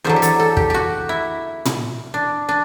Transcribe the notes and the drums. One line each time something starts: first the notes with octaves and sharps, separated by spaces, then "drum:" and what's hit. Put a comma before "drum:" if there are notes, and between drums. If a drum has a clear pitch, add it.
E2 D3 F#3 C5
G4
A4, drum: hi-hat
A4
G4, drum: kick
F#4 G4
E4
drum: tom
D4
D4